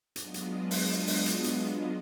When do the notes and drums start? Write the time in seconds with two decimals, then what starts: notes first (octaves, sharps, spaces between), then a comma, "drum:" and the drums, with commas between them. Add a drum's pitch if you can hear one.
0.16 F#3 G#3 B3 D4 F4 D#5, drum: hi-hat
0.34 drum: hi-hat
0.71 drum: open hi-hat
1.08 drum: open hi-hat
1.26 drum: hi-hat
1.44 drum: hi-hat